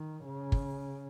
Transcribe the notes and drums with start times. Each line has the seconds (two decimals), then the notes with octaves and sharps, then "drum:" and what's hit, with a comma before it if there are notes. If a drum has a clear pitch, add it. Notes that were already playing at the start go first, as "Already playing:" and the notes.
Already playing: D#3
0.25 C#3
0.52 drum: kick